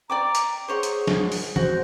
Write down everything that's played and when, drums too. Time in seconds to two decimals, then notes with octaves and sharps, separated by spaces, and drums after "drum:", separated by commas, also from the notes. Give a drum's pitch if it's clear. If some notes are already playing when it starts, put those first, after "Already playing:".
0.10 D5 G5 A#5 D6
0.35 drum: hi-hat
0.68 G#4 C5 C#5 F#5
0.83 drum: hi-hat
1.07 drum: snare
1.32 drum: open hi-hat
1.56 F#4 C5, drum: tom